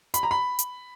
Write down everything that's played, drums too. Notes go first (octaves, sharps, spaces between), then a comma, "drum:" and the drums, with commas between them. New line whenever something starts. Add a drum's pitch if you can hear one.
B5, drum: hi-hat
A#5
B5
drum: hi-hat